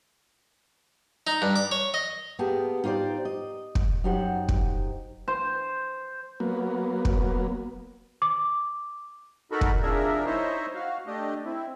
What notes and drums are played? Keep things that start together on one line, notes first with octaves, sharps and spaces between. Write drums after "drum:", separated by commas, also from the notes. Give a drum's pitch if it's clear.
D#4
G2
D6
C#5
D#5
A#3 B3 G4 G#4 A5
D#4 F4 G4 C5 D5
D#5
drum: kick
F#2 D#4 G4 C5 F#5
drum: kick
C5
F#3 A#3 B3
drum: kick
D6
D#4 F#4 A4 A#4 B5
drum: kick
C3 F3 D4 G#4 A#4 E5
D#4 E4 C5 C#5 D#5 E5
F#4 F5
A3 D4 G4 D#5
C4 E4